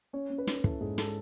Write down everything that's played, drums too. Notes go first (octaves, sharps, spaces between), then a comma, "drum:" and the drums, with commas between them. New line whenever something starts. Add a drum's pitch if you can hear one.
C#4 C#5
C#4
B4
C#4, drum: snare
E4 A4, drum: kick
G#2 G#4
A4, drum: snare